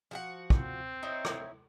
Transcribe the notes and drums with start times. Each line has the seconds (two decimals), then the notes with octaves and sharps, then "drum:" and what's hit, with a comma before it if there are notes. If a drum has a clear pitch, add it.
0.11 F3 F#4 F#5
0.50 C4, drum: kick
1.03 D#4 E4 C#5
1.25 drum: rim click